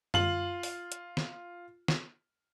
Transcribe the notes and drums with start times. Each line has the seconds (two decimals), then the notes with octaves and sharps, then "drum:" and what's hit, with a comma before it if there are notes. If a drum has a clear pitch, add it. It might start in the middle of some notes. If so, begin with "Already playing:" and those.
0.14 F4 F#7, drum: tom F#2
0.63 drum: open hi-hat
0.92 drum: hi-hat
1.17 drum: snare
1.88 drum: snare